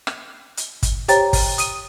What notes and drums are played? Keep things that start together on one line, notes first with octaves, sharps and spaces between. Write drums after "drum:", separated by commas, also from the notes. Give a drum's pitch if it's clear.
drum: rim click
drum: hi-hat
drum: kick, hi-hat
G4 C5 C#5 G5 A#5 A6, drum: hi-hat
drum: kick, open hi-hat
D#6 D#7, drum: hi-hat